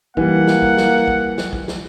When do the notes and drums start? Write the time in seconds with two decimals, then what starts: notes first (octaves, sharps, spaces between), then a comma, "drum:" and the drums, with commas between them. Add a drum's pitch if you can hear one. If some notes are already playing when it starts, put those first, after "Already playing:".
0.17 E3 G3 A#3 F#5, drum: kick A#1
0.47 drum: snare
0.62 drum: kick A#1
0.77 drum: snare
1.08 drum: kick A#1
1.38 drum: snare
1.53 drum: kick A#1
1.68 drum: snare